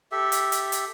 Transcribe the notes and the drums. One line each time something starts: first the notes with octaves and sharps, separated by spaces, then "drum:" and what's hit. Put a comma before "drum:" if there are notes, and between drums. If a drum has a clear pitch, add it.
G4 A4 E5
drum: hi-hat
drum: hi-hat
drum: hi-hat